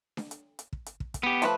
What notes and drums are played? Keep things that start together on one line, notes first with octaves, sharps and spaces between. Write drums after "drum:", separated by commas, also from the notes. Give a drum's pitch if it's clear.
drum: snare D4
drum: hi-hat
drum: hi-hat
drum: kick
drum: hi-hat
drum: kick
drum: kick, hi-hat
B3 G4
F3 A3 B4, drum: hi-hat